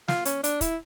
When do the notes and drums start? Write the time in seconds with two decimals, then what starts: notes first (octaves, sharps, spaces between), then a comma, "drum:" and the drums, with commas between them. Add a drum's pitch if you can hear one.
0.08 F4, drum: snare
0.25 C#4, drum: hi-hat
0.44 D4, drum: hi-hat
0.61 E4, drum: kick, hi-hat